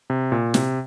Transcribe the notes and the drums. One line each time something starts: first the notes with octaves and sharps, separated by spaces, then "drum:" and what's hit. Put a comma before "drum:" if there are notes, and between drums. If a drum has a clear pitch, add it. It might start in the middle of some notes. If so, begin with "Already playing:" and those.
C3
A#2
C3, drum: snare